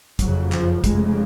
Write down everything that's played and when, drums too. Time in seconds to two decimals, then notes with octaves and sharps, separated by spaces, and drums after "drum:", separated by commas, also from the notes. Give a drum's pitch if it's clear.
0.19 F#1 F2 C#3 F#3, drum: kick, hi-hat
0.52 F3, drum: clap
0.84 F1 F2 C#3 G#3, drum: kick, hi-hat